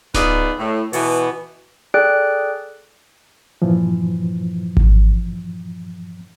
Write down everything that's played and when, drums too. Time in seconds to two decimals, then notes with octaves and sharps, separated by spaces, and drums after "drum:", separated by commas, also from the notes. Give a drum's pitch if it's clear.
0.14 B3 D#4 F4 G#4 B4 D5, drum: snare D1
0.58 A2
0.93 B2 E3 B3, drum: open hi-hat
1.94 G#4 A4 D5 G5 F#6 D7
3.62 G2 A#2 E3 F3
4.77 drum: kick G#1